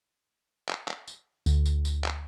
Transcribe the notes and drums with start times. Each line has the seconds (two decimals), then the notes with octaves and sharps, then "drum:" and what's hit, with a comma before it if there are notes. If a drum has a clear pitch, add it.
0.69 drum: clap
0.88 drum: clap
1.07 drum: tambourine
1.46 D2, drum: tambourine
1.66 drum: tambourine
1.85 drum: tambourine
2.04 drum: clap